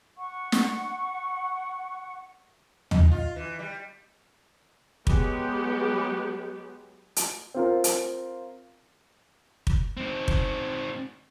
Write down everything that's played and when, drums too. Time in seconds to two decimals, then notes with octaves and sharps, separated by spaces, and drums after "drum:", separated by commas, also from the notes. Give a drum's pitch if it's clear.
0.17 F#5 C#6
0.52 drum: snare
2.91 D#4, drum: tom
3.11 F4
3.36 E3
3.59 G3
5.07 F#3 G#3 B3 G4, drum: kick
7.16 drum: hi-hat
7.54 C4 F4 A#4
7.84 drum: hi-hat
9.67 drum: kick
9.97 C4 D#4
10.28 drum: kick